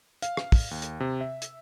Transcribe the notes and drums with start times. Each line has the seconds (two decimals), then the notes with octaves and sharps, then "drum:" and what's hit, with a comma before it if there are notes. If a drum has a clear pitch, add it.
0.22 F5, drum: hi-hat
0.37 drum: rim click
0.52 drum: kick, open hi-hat
0.71 D#2
0.82 drum: hi-hat
1.00 C3
1.21 E5
1.42 drum: hi-hat